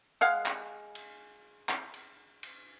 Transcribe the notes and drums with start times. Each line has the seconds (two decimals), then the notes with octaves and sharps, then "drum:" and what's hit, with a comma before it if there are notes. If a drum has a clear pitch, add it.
0.21 G#3 F5 F#5
0.46 drum: clap
0.95 drum: cymbal
1.69 drum: clap
1.94 drum: cymbal
2.43 drum: cymbal